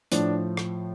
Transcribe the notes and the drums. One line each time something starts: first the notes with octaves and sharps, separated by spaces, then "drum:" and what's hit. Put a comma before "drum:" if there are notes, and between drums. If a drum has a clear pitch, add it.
A2 F3 D4, drum: hi-hat
drum: rim click